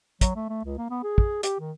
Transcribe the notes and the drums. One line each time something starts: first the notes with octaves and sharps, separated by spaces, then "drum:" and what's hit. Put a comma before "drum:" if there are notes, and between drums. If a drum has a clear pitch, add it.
F#3, drum: kick, hi-hat
A3
A3
C#2
A#3
B3
G#4
drum: kick
G4, drum: hi-hat
D#3